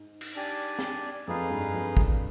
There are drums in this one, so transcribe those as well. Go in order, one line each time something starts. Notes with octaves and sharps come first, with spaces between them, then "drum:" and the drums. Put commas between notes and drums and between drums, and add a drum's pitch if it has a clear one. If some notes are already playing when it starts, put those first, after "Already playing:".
Already playing: G#2
drum: cymbal
D4 G4 D5 G#5
drum: snare
F2 D#4 G#4 B4 F5
G2
F2
G2, drum: kick